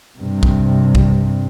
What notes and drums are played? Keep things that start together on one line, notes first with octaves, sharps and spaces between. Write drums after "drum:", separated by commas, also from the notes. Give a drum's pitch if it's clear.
G2 C3
drum: kick
drum: kick